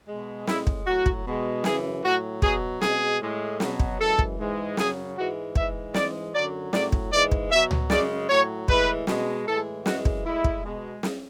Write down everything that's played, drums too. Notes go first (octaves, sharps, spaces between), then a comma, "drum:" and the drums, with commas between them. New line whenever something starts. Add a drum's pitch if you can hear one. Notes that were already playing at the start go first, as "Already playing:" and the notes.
B2 G#3
A2 G#3 E4, drum: snare
drum: kick
A2 F#3 F#4
drum: kick
B2 G#3
F#2 C#3 E3 G#4, drum: snare
A2 F#3 F#4
B2 F#3 G#4, drum: kick
B2 G#3 G#4, drum: snare
A2 G#3
B2 F#3, drum: snare
drum: kick
F#2 E3 G#3 A4
drum: kick
G#2 E3 G#3
F#2 C#3 F#3 G#4, drum: snare
G#2 E3 G#3 F#4
G#2 E3 G#3 E5, drum: kick
G#2 E3 G#3 D5, drum: snare
F#2 D3 F#3 D5
A2 F#3 D5, drum: snare
drum: kick
G#2 E3 G#3 D5
drum: kick
B2 F#3 E5
drum: tom C#2
F#2 C#3 G#3 D5, drum: snare
A2 F#3 C#5
A2 E3 G#3 B4, drum: kick
B2 G#3, drum: snare
A2 E3 G#3 A4
F#2 E3 G#3 F#4, drum: snare
drum: kick
A2 G#3 E4
drum: kick
B2 G#3
drum: snare